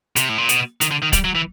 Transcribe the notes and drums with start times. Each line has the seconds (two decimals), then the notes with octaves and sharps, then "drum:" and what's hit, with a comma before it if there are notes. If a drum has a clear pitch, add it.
0.16 C3, drum: hi-hat
0.29 A2
0.38 A#2
0.49 B2, drum: hi-hat
0.81 D#3, drum: hi-hat
0.91 D3
1.03 D#3
1.13 G3, drum: kick C#1, hi-hat
1.25 F#3
1.35 E3